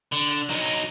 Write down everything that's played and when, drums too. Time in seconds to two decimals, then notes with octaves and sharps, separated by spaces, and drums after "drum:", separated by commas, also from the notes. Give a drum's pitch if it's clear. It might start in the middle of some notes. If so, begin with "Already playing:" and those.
0.12 D3
0.28 drum: hi-hat
0.49 F#3 D#4
0.65 drum: hi-hat